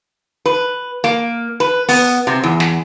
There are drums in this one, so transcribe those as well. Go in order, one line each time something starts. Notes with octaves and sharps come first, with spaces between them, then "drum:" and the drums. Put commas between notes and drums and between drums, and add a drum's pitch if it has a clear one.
B4
A#3
B4
B3, drum: open hi-hat
C3
E2
drum: snare